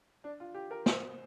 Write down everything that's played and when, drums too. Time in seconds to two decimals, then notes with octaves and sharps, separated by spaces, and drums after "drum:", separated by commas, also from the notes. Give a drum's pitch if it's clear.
0.24 D4
0.40 F4
0.54 G4
0.71 A#4
0.86 C5, drum: snare